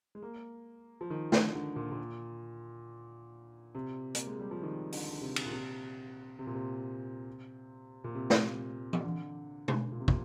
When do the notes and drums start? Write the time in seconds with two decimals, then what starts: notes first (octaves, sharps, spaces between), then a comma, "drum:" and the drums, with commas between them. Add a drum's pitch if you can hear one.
0.15 G#3
0.22 A#3
1.01 F3
1.10 D#3
1.32 D3, drum: snare
1.55 D3
1.76 A#2
1.92 A#2
3.75 C3
4.15 A#3, drum: hi-hat
4.27 G#3
4.39 G3
4.51 F3
4.63 D#3
4.92 D3, drum: open hi-hat
5.13 D3
5.21 C3
5.36 drum: cymbal
5.46 A#2
5.51 C3
6.39 C3
6.47 A#2
6.54 C3
8.04 A#2
8.15 C3
8.30 drum: snare
8.93 drum: tom E3
9.04 D3
9.68 drum: tom B2
9.92 A#2
10.00 C3
10.08 A#2, drum: kick